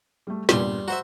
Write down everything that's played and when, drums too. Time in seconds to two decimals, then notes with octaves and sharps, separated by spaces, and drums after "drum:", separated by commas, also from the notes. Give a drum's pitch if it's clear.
0.27 G3 A3
0.49 E2 G2 A#2 G3 C6, drum: snare
0.88 F#4 C5 E5 A#5